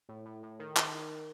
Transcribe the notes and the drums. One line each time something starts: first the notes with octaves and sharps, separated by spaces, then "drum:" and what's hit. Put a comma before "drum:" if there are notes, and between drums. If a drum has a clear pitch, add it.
A2
A2
A2
D#3
D#3, drum: clap